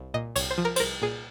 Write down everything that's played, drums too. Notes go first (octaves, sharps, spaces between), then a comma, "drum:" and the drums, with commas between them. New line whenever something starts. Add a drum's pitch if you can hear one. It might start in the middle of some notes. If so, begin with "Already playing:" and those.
Already playing: C2
A#2 D#5
C2 C#5, drum: cymbal
C5
F3
A#4
C5, drum: cymbal
C2 A#4
A#2 G#4